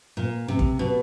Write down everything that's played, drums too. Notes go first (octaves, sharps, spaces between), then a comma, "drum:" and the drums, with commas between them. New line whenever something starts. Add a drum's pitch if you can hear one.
A#2
C3
drum: kick
B2